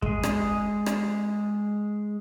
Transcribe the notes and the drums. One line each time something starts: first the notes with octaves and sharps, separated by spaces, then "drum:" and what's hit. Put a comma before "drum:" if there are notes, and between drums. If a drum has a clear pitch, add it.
G#3 G#4, drum: kick
drum: rim click
drum: rim click